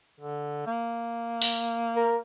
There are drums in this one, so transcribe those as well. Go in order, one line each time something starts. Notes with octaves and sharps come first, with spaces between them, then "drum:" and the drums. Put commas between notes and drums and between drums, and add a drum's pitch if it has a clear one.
D3
A#3
drum: open hi-hat
A#4